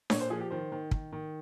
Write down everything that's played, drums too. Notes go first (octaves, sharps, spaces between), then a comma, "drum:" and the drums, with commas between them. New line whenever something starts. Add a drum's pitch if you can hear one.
A#2 C#5, drum: snare D4
C5
F3 G#4
G4
D#3 C5
D#3
D#3, drum: kick
D#3